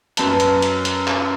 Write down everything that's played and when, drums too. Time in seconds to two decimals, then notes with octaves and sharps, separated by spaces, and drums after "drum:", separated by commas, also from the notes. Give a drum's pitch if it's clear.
0.17 F#2 B4 A5, drum: hi-hat
0.40 drum: hi-hat
0.62 drum: hi-hat
0.85 drum: hi-hat
1.08 drum: clap